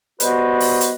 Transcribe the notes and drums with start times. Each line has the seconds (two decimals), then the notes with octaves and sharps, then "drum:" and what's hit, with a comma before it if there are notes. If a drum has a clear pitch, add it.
0.20 G3 B3 F#4 B4 C5 D#5, drum: hi-hat
0.60 drum: open hi-hat
0.81 drum: hi-hat